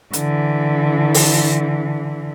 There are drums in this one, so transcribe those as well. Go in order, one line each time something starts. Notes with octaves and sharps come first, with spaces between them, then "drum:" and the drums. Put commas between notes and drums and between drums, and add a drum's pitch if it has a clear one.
D3 E3, drum: hi-hat
drum: open hi-hat